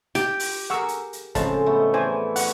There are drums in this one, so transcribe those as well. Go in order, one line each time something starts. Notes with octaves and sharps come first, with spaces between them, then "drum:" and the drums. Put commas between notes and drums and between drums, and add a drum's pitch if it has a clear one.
G4, drum: hi-hat
drum: open hi-hat
G#4 A#4 F#5 C#6 E6
drum: hi-hat
drum: hi-hat
A2 C#3 F3 G#3 C4 A5, drum: kick F#1, hi-hat
A3 B3
E3 C5 D5 G#5
A4 F#5 C#6, drum: open hi-hat